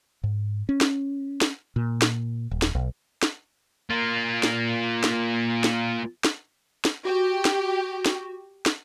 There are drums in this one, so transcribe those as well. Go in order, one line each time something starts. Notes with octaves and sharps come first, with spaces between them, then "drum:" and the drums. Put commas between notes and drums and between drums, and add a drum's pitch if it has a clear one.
G#2
C#4
drum: snare
drum: snare
A#2
drum: snare
D#1
drum: snare
B1
drum: snare
A#3 F4
drum: snare
drum: snare
drum: snare
drum: snare
drum: snare
F#4 G4
drum: snare
drum: snare
drum: snare